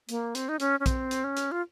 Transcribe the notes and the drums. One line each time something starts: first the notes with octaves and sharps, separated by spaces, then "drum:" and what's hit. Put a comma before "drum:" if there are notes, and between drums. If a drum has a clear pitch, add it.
A#3, drum: hi-hat
C4, drum: hi-hat
D#4
C#4, drum: hi-hat
C#4
C4, drum: kick, hi-hat
drum: hi-hat
C#4
drum: hi-hat
F4